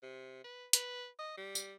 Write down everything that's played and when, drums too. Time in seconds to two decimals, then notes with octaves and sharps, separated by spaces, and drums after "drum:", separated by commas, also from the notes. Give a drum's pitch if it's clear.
0.03 C3
0.44 B4
0.73 B4, drum: hi-hat
1.19 D#5
1.38 G3
1.55 drum: tambourine